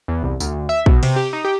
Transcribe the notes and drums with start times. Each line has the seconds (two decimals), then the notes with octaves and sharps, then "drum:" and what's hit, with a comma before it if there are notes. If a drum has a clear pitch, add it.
0.08 E2
0.23 C2
0.40 D2, drum: tambourine
0.69 E5
0.86 B2, drum: kick
1.03 C3, drum: cymbal
1.16 G4
1.33 D#4
1.45 G4